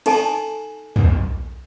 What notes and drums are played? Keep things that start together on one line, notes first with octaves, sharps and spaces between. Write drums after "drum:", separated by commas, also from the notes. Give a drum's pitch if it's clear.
D#4 A4 G#5 A5, drum: cymbal
drum: tom